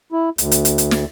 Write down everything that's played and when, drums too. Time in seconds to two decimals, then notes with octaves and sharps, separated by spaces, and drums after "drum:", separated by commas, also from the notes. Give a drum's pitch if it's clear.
0.12 E4
0.38 D2, drum: hi-hat
0.51 drum: hi-hat
0.65 drum: hi-hat
0.78 drum: hi-hat
0.91 drum: snare